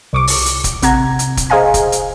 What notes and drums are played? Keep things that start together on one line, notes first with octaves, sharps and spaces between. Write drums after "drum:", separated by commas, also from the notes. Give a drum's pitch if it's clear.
C2 C#6 D6
drum: open hi-hat
drum: hi-hat
drum: kick, hi-hat
A1 C3 F#5 A#5 G#6, drum: hi-hat
drum: hi-hat
drum: kick, hi-hat
G#4 C5 D#5 F5 G#5 A#5
drum: kick, hi-hat
drum: hi-hat